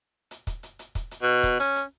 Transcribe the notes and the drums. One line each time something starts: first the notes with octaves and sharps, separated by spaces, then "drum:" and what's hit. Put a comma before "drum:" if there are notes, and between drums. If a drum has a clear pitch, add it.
drum: hi-hat
drum: kick, hi-hat
drum: hi-hat
drum: hi-hat
drum: kick, hi-hat
drum: hi-hat
B2
drum: kick, hi-hat
C#4, drum: hi-hat
drum: hi-hat